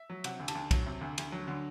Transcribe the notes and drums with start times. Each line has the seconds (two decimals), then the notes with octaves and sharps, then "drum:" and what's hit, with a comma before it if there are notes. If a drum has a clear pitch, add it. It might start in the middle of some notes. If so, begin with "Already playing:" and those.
Already playing: E5
0.10 F#3
0.24 C3 F#5, drum: cymbal
0.40 D2
0.48 A5, drum: cymbal
0.55 D2
0.71 F#3, drum: kick, cymbal
0.86 C3
1.01 D2
1.18 D2, drum: cymbal
1.32 F#3
1.48 D3